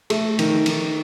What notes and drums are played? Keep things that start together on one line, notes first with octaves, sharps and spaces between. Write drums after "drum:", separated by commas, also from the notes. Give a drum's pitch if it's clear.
A3, drum: cymbal
D#3, drum: cymbal
D#3, drum: cymbal